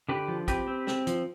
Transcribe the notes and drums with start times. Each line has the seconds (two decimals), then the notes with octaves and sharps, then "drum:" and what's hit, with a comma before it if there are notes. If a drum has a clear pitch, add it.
0.09 D3 G4 B4
0.28 F3
0.48 C4 G4 B4, drum: kick, hi-hat
0.68 C4
0.87 C4, drum: snare
1.07 F3, drum: hi-hat